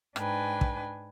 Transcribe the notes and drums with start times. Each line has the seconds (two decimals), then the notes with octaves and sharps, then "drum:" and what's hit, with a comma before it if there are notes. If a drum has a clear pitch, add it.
0.16 G#2 D4 B4 G5 G#5, drum: rim click
0.61 drum: kick